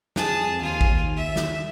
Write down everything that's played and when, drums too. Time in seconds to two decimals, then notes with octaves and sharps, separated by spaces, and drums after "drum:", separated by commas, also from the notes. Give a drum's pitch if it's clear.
0.16 F2 G#4 A5, drum: snare
0.61 D#2 F4 G#5
0.81 drum: kick A1
1.17 E5
1.36 drum: snare